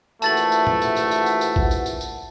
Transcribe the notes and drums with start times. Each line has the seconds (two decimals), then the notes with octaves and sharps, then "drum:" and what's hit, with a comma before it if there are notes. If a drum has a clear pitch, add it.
0.22 A#1 E3 A3 F#4 A5 A6 F#7, drum: tambourine
0.37 drum: tambourine
0.52 drum: tambourine
0.67 drum: tom
0.82 drum: tambourine
0.97 drum: tambourine
1.11 drum: tambourine
1.26 drum: tambourine
1.41 drum: tambourine
1.56 drum: kick A1
1.71 drum: tambourine
1.86 drum: tambourine
2.01 drum: tambourine